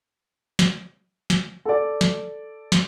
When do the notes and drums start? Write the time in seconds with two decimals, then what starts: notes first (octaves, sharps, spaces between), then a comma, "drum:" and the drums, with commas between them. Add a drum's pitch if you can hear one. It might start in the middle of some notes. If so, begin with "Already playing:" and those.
0.59 drum: snare
1.30 drum: snare
1.65 A4 D5
2.01 drum: snare
2.72 drum: snare